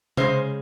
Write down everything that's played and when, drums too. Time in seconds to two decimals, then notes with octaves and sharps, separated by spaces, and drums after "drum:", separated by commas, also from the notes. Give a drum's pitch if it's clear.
0.17 C#3 E3 G#3 C#4 C5, drum: tom C3